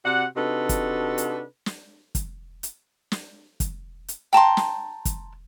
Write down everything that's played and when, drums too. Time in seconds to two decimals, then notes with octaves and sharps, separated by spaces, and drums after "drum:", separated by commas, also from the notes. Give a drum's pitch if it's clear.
0.05 C3 F#4 D5 F#5
0.36 C3 D4 D#4 F#4 A4 B4
0.69 drum: kick, hi-hat
1.18 drum: hi-hat
1.66 drum: snare
2.15 drum: kick, hi-hat
2.63 drum: hi-hat
3.12 drum: snare
3.60 drum: kick, hi-hat
4.08 drum: hi-hat
4.33 G5 A5 A#5 C6
4.57 drum: snare
5.05 drum: kick, hi-hat